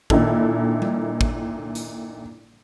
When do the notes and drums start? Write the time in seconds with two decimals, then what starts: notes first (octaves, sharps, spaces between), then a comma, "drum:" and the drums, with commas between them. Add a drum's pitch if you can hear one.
0.10 A#2 D#3 D4 E4 A4, drum: kick
0.82 drum: tom G3
1.21 drum: kick
1.75 drum: hi-hat